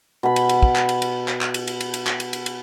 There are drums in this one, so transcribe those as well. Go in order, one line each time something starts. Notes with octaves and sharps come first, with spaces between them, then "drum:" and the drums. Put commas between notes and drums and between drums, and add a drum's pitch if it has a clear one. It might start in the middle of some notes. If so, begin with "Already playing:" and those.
B2 B5
drum: cymbal
drum: cymbal
drum: kick
drum: clap
drum: cymbal
drum: cymbal
drum: clap
drum: clap
drum: cymbal
drum: cymbal
drum: cymbal
drum: cymbal
drum: clap
drum: cymbal
drum: cymbal
drum: cymbal